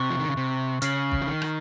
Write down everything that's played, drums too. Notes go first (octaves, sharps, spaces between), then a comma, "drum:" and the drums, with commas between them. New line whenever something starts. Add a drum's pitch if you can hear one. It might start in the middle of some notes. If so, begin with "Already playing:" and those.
Already playing: C3 C#6 F#6 A6
F3
D#3
C#3
C3
C#3 F6 C7 F#7, drum: hi-hat
drum: kick
F3
D#3
drum: rim click